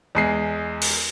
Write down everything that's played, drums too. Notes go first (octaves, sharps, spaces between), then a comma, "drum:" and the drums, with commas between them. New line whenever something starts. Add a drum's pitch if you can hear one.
E2 G#3 C7
drum: open hi-hat